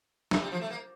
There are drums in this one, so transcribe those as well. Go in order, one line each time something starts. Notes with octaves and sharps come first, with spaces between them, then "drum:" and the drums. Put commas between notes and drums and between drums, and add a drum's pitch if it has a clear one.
A3, drum: snare
G3
F3
A3
A#3